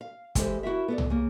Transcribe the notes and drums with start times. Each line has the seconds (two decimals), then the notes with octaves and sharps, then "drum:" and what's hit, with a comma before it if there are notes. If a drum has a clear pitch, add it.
0.01 F5
0.35 E3 G#3 G4 A4 C5, drum: kick, hi-hat
0.63 E4 F#4 G4 A#4 E5
0.88 B3 A4 D5
0.98 drum: tom
1.10 C#3 A#3